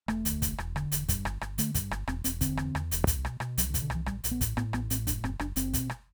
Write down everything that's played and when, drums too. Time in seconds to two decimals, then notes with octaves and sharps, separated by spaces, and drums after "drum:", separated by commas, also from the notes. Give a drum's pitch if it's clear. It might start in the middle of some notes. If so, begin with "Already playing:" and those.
0.08 E1 A3, drum: rim click
0.25 D2, drum: hi-hat
0.42 E1, drum: kick, hi-hat
0.58 E1, drum: rim click
0.76 D3, drum: rim click
0.92 E1, drum: hi-hat
1.09 G2, drum: kick, hi-hat
1.25 G1, drum: rim click
1.41 G1, drum: rim click
1.58 D3 A3, drum: hi-hat
1.75 G2, drum: kick, hi-hat
1.91 G1, drum: rim click
2.07 E1 C4, drum: rim click
2.24 E1 C4, drum: hi-hat
2.41 D3 C4, drum: kick, hi-hat
2.57 E2, drum: rim click
2.75 E2, drum: rim click
2.91 E1, drum: hi-hat
3.07 C2, drum: kick, hi-hat
3.25 B2, drum: rim click
3.40 B2, drum: rim click
3.58 C2 F#3, drum: hi-hat
3.70 D3
3.74 B2, drum: kick, hi-hat
3.82 D3
3.90 C2 E3, drum: rim click
4.06 A1 G3, drum: rim click
4.24 A1, drum: hi-hat
4.31 B3
4.41 A2, drum: kick, hi-hat
4.57 A2 B3, drum: rim click
4.73 A1 B3, drum: rim click
4.90 A2 C4, drum: hi-hat
5.07 F#1 D4, drum: kick, hi-hat
5.24 F#1 C4, drum: rim click
5.39 F#1 D4, drum: rim click
5.56 F#1 C4, drum: hi-hat
5.74 B2, drum: kick, hi-hat
5.90 drum: rim click